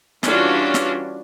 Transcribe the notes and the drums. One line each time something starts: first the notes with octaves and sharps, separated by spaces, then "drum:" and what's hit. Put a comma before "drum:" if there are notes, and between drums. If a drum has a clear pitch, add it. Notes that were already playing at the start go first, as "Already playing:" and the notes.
E3 G3 C#4 D4 F4 F#4, drum: snare
drum: snare